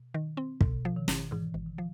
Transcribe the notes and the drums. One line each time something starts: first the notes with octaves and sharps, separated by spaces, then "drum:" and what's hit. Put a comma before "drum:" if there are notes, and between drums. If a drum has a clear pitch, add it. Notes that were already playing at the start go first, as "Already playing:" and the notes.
Already playing: B2
D#3
C4
G#1 B2, drum: kick
F3
D#3
G#1, drum: snare
G#2 E3
G#1
D#3
F3